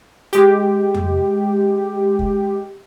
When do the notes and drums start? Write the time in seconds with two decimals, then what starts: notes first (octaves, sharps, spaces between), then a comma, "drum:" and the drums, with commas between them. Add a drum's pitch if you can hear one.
0.33 G#3 G4, drum: hi-hat
0.94 drum: tom F2
2.19 drum: kick